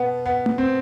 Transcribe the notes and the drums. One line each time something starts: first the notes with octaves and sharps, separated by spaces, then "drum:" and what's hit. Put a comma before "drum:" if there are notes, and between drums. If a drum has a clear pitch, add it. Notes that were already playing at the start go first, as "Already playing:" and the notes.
Already playing: B2 B3
B3
drum: tom A3
C4